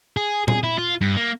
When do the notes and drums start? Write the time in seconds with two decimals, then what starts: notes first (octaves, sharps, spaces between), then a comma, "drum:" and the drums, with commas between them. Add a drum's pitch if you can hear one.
0.17 G#4
0.48 G#4, drum: tom
0.63 E4
0.78 F4
1.01 G2
1.16 A#3